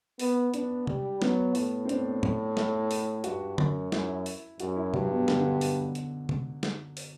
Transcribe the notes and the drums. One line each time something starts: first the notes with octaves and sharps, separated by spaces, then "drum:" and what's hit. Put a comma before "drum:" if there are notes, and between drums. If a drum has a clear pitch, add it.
B3, drum: open hi-hat
B3 D4, drum: hi-hat
G3, drum: tom
F#3 B3, drum: snare
A2, drum: open hi-hat
C4
A2 D4, drum: hi-hat
drum: tom
E4, drum: snare
drum: open hi-hat
G2 F#4, drum: hi-hat
F#2, drum: tom
F#2 E4, drum: snare
drum: open hi-hat
F#2 F#4, drum: hi-hat
E4
G2 F#3, drum: tom
B2
D3, drum: snare
D3
drum: open hi-hat
drum: hi-hat
drum: tom
drum: snare
drum: open hi-hat